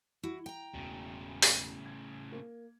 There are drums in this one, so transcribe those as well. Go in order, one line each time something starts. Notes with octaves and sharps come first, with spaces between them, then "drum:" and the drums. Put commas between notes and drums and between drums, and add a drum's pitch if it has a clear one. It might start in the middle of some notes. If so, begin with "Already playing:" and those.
E4 F#4
G5 A#5
E1 A2 C#3
drum: open hi-hat
G#6
A#3